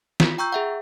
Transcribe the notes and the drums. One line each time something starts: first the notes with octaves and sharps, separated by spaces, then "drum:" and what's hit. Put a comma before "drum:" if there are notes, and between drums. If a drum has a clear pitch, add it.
F4, drum: snare
G5 A#5 C#6 E6 G6
G#4 E5 F#5